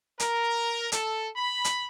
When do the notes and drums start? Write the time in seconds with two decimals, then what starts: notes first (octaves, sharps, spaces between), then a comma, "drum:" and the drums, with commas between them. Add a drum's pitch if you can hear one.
0.20 A#4, drum: hi-hat
0.92 A4, drum: hi-hat
1.36 B5
1.64 drum: hi-hat